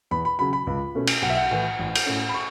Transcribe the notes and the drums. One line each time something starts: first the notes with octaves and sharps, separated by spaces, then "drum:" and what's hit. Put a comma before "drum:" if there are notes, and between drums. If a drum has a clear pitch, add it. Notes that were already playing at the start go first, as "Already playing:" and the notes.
E2 B5
B5
C#3 F#3 B5
B5
C#2
B2 A3 C#4
drum: cymbal
B1 F#5
E5
F#5
A2 E3
A1
drum: cymbal
A2 A3 C#4
B5
C#6